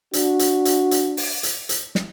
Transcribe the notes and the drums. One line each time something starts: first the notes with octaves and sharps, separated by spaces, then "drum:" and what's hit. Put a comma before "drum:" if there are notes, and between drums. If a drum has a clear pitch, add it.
D4 F#4, drum: hi-hat
drum: hi-hat
drum: hi-hat
drum: hi-hat
drum: open hi-hat
drum: hi-hat
drum: hi-hat
drum: snare